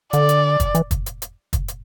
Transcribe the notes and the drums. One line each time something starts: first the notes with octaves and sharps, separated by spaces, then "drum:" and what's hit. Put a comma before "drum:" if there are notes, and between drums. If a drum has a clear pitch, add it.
D3 D5, drum: hi-hat
drum: hi-hat
drum: kick, hi-hat
E3, drum: hi-hat
drum: kick, hi-hat
drum: hi-hat
drum: hi-hat
drum: kick, hi-hat
drum: hi-hat